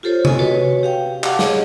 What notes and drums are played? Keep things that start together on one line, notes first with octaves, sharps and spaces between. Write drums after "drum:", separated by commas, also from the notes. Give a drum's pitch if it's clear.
F4 G4 A4 C5 C#5
D#5 G#5, drum: tom C3
F#4 B4 C#5
G4 F5 G5
G4 F5 F#5 A5 D6, drum: clap
G#4 C#5 D#5, drum: snare